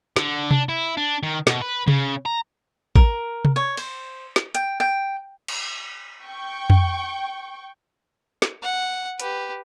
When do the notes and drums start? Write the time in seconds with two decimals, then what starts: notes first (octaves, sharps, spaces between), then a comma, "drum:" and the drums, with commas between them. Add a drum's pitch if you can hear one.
0.16 D3, drum: snare
0.51 D4, drum: tom C3
0.69 E4
0.98 D4
1.23 D#3
1.47 B2, drum: snare
1.61 B4
1.88 C#3, drum: tom C3
2.26 A#5
2.96 A#4, drum: kick A1
3.45 drum: tom C3
3.56 C#5
3.77 C5, drum: cymbal
4.36 drum: snare
4.55 G5, drum: hi-hat
4.80 G5
5.48 drum: cymbal
6.25 G5 C#6
6.70 drum: tom F2
8.42 drum: snare
8.63 F#5
9.20 G4 B4, drum: hi-hat